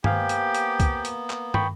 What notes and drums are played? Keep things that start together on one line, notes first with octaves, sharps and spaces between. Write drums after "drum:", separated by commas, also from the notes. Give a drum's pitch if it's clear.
A#3 B3 G4 C5 F5 G#5, drum: tom G2
drum: hi-hat
drum: hi-hat
drum: kick, hi-hat
drum: hi-hat
drum: clap
G5 B5 C#6, drum: tom